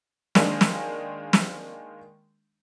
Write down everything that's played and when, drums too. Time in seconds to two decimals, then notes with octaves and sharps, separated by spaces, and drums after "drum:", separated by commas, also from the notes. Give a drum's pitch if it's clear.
0.35 D#3 G#3 A#3 D4, drum: snare
0.61 drum: snare
1.33 drum: snare